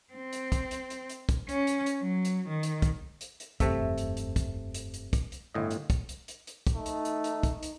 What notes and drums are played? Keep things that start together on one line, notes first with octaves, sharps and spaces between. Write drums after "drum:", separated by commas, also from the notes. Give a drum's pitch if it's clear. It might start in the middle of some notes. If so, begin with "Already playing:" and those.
C4
drum: hi-hat
drum: kick, hi-hat
drum: hi-hat
drum: hi-hat
drum: hi-hat
drum: kick, hi-hat
C#4, drum: hi-hat
drum: hi-hat
drum: hi-hat
F#3
drum: hi-hat
D#3
drum: hi-hat
drum: kick, hi-hat
drum: hi-hat
drum: hi-hat
F1 E2 G2 C3 A3 E5, drum: kick, hi-hat
drum: hi-hat
drum: hi-hat
drum: kick, hi-hat
drum: hi-hat
drum: hi-hat
drum: kick, hi-hat
drum: hi-hat
G1 A2 D#5
drum: hi-hat
drum: kick, hi-hat
drum: hi-hat
drum: hi-hat
drum: hi-hat
drum: kick, hi-hat
A3 D#4
drum: hi-hat
drum: hi-hat
drum: hi-hat
drum: kick, hi-hat
drum: hi-hat